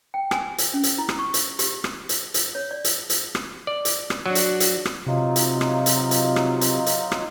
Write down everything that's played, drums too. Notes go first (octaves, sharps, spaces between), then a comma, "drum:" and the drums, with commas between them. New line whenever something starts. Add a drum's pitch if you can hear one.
G5
G#5, drum: rim click
drum: hi-hat
C#4
drum: hi-hat
E4
drum: rim click
C#6
drum: hi-hat
G4, drum: hi-hat
drum: rim click
drum: hi-hat
drum: hi-hat
C#5
D5
drum: hi-hat
drum: hi-hat
drum: rim click
D5
drum: hi-hat
drum: rim click
F#3 D4 F#4
drum: hi-hat
drum: hi-hat
drum: rim click
C3 F#3 D#4 F4
drum: hi-hat
drum: rim click
drum: hi-hat
drum: hi-hat
drum: rim click
drum: hi-hat
drum: hi-hat
drum: rim click